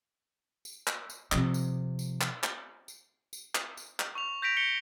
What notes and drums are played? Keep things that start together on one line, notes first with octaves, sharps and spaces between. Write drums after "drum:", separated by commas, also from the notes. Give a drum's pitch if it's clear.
drum: tambourine
drum: clap
drum: tambourine
C3 F3, drum: clap
drum: tambourine
drum: tambourine
drum: clap
drum: clap
drum: tambourine
drum: tambourine
drum: clap
drum: tambourine
drum: clap
C#6 F7
G6 A#6 B6 D7 F7
C#7 G7